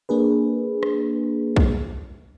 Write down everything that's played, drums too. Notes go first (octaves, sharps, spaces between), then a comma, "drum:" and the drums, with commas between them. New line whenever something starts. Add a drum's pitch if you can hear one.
A#3 D4 G#4 B4
drum: rim click
drum: kick B1